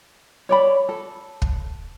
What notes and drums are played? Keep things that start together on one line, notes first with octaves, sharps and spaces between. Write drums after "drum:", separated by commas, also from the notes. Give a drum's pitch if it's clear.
C#5 D5 B5
A4
drum: kick